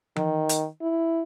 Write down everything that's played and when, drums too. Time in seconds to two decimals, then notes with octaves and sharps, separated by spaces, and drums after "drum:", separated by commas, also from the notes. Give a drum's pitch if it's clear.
0.16 D#3, drum: tom E3
0.49 drum: hi-hat
0.81 E4